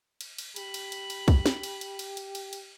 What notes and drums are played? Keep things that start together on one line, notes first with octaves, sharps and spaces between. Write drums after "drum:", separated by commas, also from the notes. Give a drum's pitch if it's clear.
drum: cymbal
drum: cymbal
G4 B5, drum: cymbal
drum: cymbal
drum: cymbal
drum: cymbal
drum: kick, cymbal
drum: snare
drum: cymbal
drum: cymbal
drum: cymbal
drum: cymbal
drum: cymbal
drum: cymbal